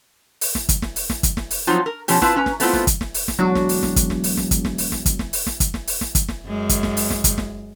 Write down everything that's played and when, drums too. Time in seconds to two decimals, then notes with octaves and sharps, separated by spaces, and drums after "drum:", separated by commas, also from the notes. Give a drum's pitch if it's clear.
0.41 drum: open hi-hat
0.55 drum: snare
0.69 drum: kick, hi-hat
0.82 drum: snare
0.96 drum: open hi-hat
1.10 drum: snare
1.23 drum: kick, hi-hat
1.37 drum: snare
1.51 drum: open hi-hat
1.67 F3 F#3 C4 D#4 F4
1.86 A#4
2.08 B2 F3 C#4 G4, drum: open hi-hat
2.22 C4 E4 F4 B4 A5, drum: snare
2.36 C#4 B4 A#5
2.46 drum: snare
2.60 A3 B3 C4 E4 F4, drum: open hi-hat
2.73 drum: snare
2.87 drum: kick, hi-hat
3.01 drum: snare
3.14 drum: open hi-hat
3.28 drum: snare
3.39 E1 F#3 D4 F#4
3.55 drum: snare
3.69 drum: open hi-hat
3.83 drum: snare
3.96 drum: kick, hi-hat
4.10 drum: snare
4.24 drum: open hi-hat
4.37 drum: snare
4.51 drum: kick, hi-hat
4.65 drum: snare
4.78 drum: open hi-hat
4.92 drum: snare
5.06 drum: kick, hi-hat
5.19 drum: snare
5.33 drum: open hi-hat
5.47 drum: snare
5.60 drum: kick, hi-hat
5.74 drum: snare
5.87 drum: open hi-hat
6.01 drum: snare
6.15 drum: kick, hi-hat
6.28 drum: snare
6.47 F#2 G#3
6.69 drum: kick, hi-hat
6.83 drum: snare
6.97 drum: open hi-hat
7.10 drum: snare
7.24 drum: kick, hi-hat
7.38 drum: snare